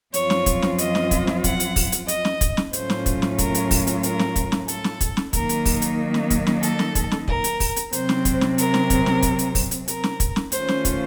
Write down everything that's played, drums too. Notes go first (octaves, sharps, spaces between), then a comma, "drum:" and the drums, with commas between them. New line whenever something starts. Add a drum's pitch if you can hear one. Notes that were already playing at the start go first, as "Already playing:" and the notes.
F#2 F3 C4 F4 C#5, drum: hi-hat
drum: snare
drum: kick, hi-hat
drum: snare
D#5, drum: hi-hat
drum: snare
drum: kick, hi-hat
drum: snare
F#5, drum: kick, hi-hat
drum: hi-hat
drum: kick, open hi-hat
drum: hi-hat
D#5, drum: hi-hat
drum: snare
drum: kick, hi-hat
drum: snare
A2 F#3 A3 C#4 F4 C5, drum: hi-hat
drum: snare
drum: kick, hi-hat
drum: snare
A#4, drum: kick, hi-hat
drum: hi-hat
drum: kick, open hi-hat
drum: hi-hat
A#4, drum: hi-hat
drum: snare
drum: kick, hi-hat
drum: snare
A4, drum: hi-hat
drum: snare
drum: kick, hi-hat
drum: snare
D#3 F#3 A#3 D#4 A#4, drum: kick, hi-hat
drum: hi-hat
drum: kick, open hi-hat
drum: hi-hat
drum: snare
drum: kick, hi-hat
drum: snare
A4, drum: hi-hat
drum: snare
drum: kick, hi-hat
drum: snare
A#4, drum: kick
drum: hi-hat
drum: kick, open hi-hat
drum: hi-hat
C3 F#3 C4 C5, drum: hi-hat
drum: snare
drum: kick, hi-hat
drum: snare
A#4, drum: hi-hat
drum: snare
drum: kick, hi-hat
drum: snare
drum: kick, hi-hat
drum: hi-hat
drum: kick, open hi-hat
drum: hi-hat
A#4, drum: hi-hat
drum: snare
drum: kick, hi-hat
drum: snare
D#3 A3 C#4 F4 C5, drum: hi-hat
drum: snare
drum: kick, hi-hat